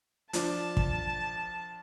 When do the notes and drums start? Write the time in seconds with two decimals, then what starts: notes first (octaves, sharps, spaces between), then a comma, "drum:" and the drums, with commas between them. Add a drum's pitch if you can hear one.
0.33 F3 D4 A5, drum: hi-hat
0.77 drum: kick